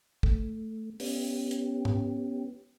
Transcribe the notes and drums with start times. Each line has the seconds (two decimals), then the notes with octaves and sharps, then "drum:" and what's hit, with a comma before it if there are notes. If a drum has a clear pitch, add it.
0.23 A3, drum: kick
1.00 B3 C#4 G4, drum: open hi-hat
1.51 drum: hi-hat
1.85 drum: tom G#2